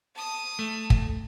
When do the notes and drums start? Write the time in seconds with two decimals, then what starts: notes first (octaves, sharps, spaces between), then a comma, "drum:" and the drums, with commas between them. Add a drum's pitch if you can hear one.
0.15 A5 D#6
0.59 A3
0.90 drum: kick